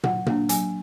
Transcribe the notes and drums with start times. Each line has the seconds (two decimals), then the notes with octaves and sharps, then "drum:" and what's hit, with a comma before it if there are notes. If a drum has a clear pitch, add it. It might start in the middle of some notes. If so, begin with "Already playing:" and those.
0.04 F#3 F#5, drum: tom
0.26 A#3 D4, drum: tom
0.49 F#3 G#5, drum: hi-hat